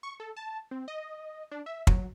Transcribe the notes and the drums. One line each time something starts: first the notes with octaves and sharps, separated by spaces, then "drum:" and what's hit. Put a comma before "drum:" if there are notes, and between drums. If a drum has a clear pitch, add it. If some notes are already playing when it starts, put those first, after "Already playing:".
C#6
A4
A5
C4
D#5
D4
E5
F#3, drum: kick